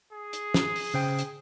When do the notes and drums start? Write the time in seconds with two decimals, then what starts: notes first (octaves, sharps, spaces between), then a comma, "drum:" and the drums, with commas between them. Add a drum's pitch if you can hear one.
0.12 G#4
0.33 drum: hi-hat
0.54 drum: snare
0.76 drum: open hi-hat
0.94 C#3 C5 G5
1.19 drum: hi-hat